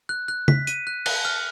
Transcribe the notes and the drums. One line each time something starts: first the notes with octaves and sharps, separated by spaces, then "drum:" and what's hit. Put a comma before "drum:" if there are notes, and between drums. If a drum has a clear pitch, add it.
F#6
F#6
B6, drum: tom C#3
D#7, drum: hi-hat
F#6
F#6, drum: cymbal
F6